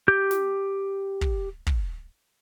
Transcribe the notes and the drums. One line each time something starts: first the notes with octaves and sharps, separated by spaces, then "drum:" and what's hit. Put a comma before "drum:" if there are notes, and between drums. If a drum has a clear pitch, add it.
G4 G6
drum: snare
drum: kick
drum: kick